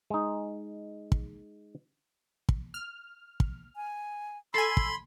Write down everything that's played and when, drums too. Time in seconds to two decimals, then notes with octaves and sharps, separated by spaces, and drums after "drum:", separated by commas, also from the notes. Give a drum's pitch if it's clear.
0.10 G#3 D#4
1.12 drum: kick
2.49 drum: kick
2.74 F6
3.40 drum: kick
3.76 G#5
4.54 A4 G#5 B5 C6 E6 C7
4.77 drum: kick